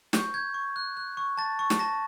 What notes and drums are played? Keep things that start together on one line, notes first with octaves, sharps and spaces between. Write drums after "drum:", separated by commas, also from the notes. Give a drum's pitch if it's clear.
C#6 G6, drum: snare
G6 G#6
C#6
F#6
F#6
C#6
A5 A6
C#6
drum: snare
A5 A#6